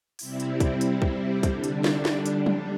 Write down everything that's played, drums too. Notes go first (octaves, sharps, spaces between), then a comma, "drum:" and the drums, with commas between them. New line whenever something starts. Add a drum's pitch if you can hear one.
C3 G3 C4 E4, drum: open hi-hat
drum: hi-hat
drum: kick, hi-hat
drum: hi-hat
drum: kick
D3 G3 D4, drum: kick, hi-hat
drum: hi-hat
drum: snare
drum: snare
drum: hi-hat
drum: tom